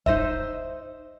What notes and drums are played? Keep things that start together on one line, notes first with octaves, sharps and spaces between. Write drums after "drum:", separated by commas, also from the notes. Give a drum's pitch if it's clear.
D#4 C5 D#5 E5, drum: kick D#1